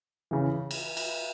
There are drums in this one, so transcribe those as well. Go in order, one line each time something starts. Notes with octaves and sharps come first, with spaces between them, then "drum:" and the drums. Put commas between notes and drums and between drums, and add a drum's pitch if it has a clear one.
C#3 E3
drum: cymbal
drum: cymbal